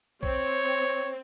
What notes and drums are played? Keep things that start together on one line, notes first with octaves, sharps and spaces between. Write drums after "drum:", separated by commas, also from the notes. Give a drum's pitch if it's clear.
C4 C#5, drum: kick A#1